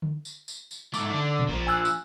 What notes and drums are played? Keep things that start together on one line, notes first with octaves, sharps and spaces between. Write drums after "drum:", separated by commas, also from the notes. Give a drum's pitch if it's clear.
drum: tom D3
drum: tambourine
drum: tambourine
drum: tambourine
G#2 A3 D6, drum: tambourine
D3 D4
drum: tom A#2
A#1 A#2 F3
G#5 E6 F#6
drum: tambourine